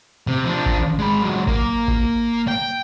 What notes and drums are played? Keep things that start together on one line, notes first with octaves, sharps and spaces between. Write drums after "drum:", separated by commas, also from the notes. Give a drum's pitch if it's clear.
C3
F3 D4
drum: kick G#1
G#3 B5
F#3 G#3
A#3, drum: kick G#1
drum: kick G#1
G5